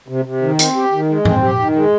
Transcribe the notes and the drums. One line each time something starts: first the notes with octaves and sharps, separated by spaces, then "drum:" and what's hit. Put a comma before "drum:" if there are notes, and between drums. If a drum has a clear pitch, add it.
C3
C3
D#3
C4, drum: hi-hat
G4
D#3
G#3
C4, drum: tom G#2
G4
D#3
G#3